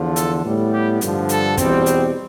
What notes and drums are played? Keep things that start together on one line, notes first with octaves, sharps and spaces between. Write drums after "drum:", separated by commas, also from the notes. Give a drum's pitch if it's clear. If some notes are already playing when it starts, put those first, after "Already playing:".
Already playing: E2 D3 F3
A4, drum: hi-hat
A2 G3 B3
G4
G2 D3 F3, drum: hi-hat
A4, drum: hi-hat
E2 B2 G3 C4, drum: kick, hi-hat
drum: hi-hat